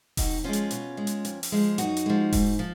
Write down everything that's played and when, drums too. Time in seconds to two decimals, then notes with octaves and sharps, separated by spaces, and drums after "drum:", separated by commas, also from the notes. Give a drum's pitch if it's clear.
0.17 F2 D#4 F#4, drum: kick E1, open hi-hat
0.44 F3 G#3 C#4 F4
0.53 drum: hi-hat
0.71 B2, drum: hi-hat
0.97 G#3
1.07 drum: hi-hat
1.25 F2, drum: hi-hat
1.43 drum: open hi-hat
1.52 F3 G#3
1.78 F#2 D#4 F#4, drum: hi-hat
1.97 drum: hi-hat
2.06 F3 G#3
2.33 G#2, drum: kick E1, open hi-hat
2.59 F3